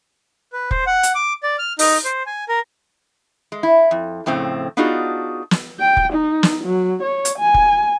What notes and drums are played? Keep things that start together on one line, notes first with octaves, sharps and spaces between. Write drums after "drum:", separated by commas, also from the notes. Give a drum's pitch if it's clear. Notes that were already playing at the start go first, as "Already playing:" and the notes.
B4
C5, drum: kick
F#5
drum: hi-hat
D6
D5
F6
D#4, drum: open hi-hat
C5
G#5
A#4
G#3
E4
F2
F2 A2 C#3 C4
B3 D4 D#4 F4 F#4 G#4
drum: snare
G5
drum: kick
D#4
drum: snare
F#3
C#5
drum: hi-hat
G#5
drum: kick